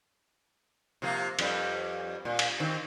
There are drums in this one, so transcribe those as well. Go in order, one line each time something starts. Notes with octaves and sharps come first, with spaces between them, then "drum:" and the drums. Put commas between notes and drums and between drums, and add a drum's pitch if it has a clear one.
C3 F3 A#3
F2 G3 B4, drum: cymbal
A#2
drum: cymbal
D#3 C4